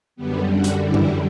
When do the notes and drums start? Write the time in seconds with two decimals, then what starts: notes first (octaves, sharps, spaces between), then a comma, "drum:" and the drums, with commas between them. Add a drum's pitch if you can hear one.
0.16 F#2 D3 G3 B3
0.50 F#3 F#4
0.64 drum: hi-hat
0.83 E3 E4
0.94 drum: tom G2